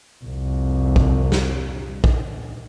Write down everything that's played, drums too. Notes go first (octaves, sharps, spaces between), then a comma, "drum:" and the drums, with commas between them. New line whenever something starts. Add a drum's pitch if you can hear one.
C2 F2
drum: kick A#1
drum: snare
drum: kick A#1